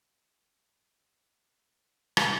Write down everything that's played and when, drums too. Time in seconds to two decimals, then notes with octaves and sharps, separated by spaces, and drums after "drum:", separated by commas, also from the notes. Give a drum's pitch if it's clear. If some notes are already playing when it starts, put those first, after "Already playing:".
0.12 C#5
0.67 G5 D6
1.01 C#3
1.36 D5
2.17 drum: rim click